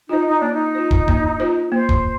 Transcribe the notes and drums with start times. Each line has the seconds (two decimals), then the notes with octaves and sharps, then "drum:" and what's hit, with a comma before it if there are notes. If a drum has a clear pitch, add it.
0.09 D#4 F4 C5
0.25 D#4
0.39 A#3 D4
0.53 D#4
0.75 F4 C5
0.91 drum: kick
1.08 A#3, drum: kick
1.40 F4 C5
1.72 A#3 C5
1.89 drum: kick